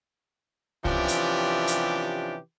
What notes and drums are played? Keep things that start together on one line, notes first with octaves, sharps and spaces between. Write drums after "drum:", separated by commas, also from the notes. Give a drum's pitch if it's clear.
C3 E3 F3 C#4 D4 G4, drum: kick C2
drum: hi-hat
drum: hi-hat